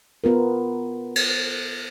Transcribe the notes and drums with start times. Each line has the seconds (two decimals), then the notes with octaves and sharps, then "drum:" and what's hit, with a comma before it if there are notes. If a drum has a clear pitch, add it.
0.24 B3 F4 A#4
1.16 drum: cymbal